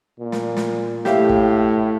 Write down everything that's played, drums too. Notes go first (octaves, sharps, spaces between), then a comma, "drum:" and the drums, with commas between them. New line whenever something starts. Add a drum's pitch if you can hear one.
A#2
drum: snare
drum: snare
A2 G4 E5 F5, drum: snare
drum: kick